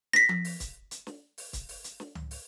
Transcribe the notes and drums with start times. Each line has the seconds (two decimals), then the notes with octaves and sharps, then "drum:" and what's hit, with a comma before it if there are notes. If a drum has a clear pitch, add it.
0.13 A#6 B6, drum: snare
0.29 drum: tom F3
0.45 drum: open hi-hat
0.60 drum: kick, hi-hat
0.91 drum: hi-hat
1.07 drum: snare
1.38 drum: open hi-hat
1.53 drum: kick, hi-hat
1.69 drum: open hi-hat
1.84 drum: hi-hat
2.00 drum: snare
2.15 drum: tom C#2
2.31 drum: open hi-hat